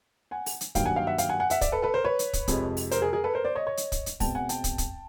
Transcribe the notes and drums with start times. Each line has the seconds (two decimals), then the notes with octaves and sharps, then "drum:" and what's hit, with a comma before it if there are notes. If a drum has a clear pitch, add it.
0.31 F#5 G#5
0.46 drum: open hi-hat
0.61 drum: hi-hat
0.75 G2 D#3 F#3 A#3 F5 G5, drum: kick, hi-hat
0.86 F#5 G#5
0.96 F5 G5
1.07 E5 F#5
1.18 F5 G5, drum: hi-hat
1.29 F#5 G#5
1.40 F#5 G#5
1.50 E5 F#5, drum: hi-hat
1.61 D5 E5, drum: kick, hi-hat
1.72 A4 B4
1.82 A4 B4
1.94 A#4 C5
2.04 B4 C#5
2.19 drum: hi-hat
2.33 drum: kick, hi-hat
2.48 F2 C3 F3 G#3, drum: kick, hi-hat
2.77 drum: open hi-hat
2.91 A#4 C5, drum: hi-hat
3.02 G#4 A#4
3.13 G#4 A#4
3.24 A4 B4
3.34 A#4 C5
3.44 C5 D5
3.55 C#5 D#5
3.67 C#5 D#5
3.77 drum: hi-hat
3.92 drum: kick, hi-hat
4.06 drum: hi-hat
4.20 B2 G#3 C4 G5 A5, drum: kick, open hi-hat
4.35 F#5 G#5
4.49 G5 A5, drum: hi-hat
4.64 drum: kick, hi-hat
4.78 drum: kick, hi-hat